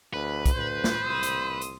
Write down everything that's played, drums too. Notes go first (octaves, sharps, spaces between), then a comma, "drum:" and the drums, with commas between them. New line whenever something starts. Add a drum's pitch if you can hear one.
D2 B4
drum: kick, hi-hat
D2 C5
drum: snare
C2 C6 D#6 E6
drum: hi-hat
drum: hi-hat